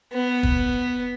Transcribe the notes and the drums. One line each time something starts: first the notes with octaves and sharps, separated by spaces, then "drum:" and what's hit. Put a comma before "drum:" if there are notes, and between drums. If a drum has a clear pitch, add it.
B3
drum: kick